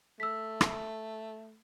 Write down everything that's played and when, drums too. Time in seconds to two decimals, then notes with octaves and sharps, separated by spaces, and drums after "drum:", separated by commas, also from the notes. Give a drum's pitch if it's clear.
0.20 A3 E6 B6
0.61 drum: rim click